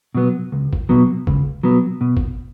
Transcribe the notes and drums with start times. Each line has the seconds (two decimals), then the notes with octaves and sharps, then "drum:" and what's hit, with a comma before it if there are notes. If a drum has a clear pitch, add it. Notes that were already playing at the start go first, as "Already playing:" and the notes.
0.15 B2 F#3 B3
0.52 C#2
0.73 drum: kick
0.89 B2 F#3 B3
1.27 C#2, drum: kick
1.63 B2 F#3 B3
2.01 B2
2.17 drum: kick